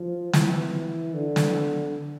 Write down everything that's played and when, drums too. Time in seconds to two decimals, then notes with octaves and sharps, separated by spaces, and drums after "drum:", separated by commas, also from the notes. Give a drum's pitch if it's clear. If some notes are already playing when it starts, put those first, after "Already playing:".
Already playing: F3
0.33 E3, drum: snare
1.14 D3
1.36 drum: snare